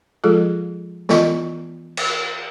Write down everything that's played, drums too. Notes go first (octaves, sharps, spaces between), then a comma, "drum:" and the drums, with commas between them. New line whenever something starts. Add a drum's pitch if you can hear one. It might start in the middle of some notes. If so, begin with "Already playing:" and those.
F3 G#3 F4 G#4 A4
E3 B3 F4 D#5 C#6, drum: snare
drum: cymbal